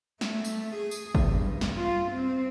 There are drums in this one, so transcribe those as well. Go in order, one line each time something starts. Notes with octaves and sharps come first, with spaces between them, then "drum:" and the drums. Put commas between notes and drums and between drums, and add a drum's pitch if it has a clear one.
A3, drum: snare
drum: tambourine
G#4
drum: tambourine
drum: kick G#1
G2
drum: snare
F4
C4